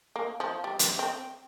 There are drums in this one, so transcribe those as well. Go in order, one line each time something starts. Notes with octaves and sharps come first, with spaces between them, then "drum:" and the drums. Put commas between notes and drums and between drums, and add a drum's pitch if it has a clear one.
A#3
F3
G3
drum: hi-hat
C4